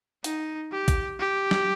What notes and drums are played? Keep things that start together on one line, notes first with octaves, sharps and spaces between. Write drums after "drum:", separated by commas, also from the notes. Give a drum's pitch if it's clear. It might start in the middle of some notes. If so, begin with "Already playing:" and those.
D#4, drum: hi-hat
G4
drum: kick A1, hi-hat
G4
drum: snare